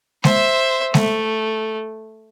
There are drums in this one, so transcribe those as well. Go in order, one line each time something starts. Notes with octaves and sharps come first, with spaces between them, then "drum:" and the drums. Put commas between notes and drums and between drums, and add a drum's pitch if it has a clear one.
C5 E5, drum: snare G#3
A3, drum: snare G#3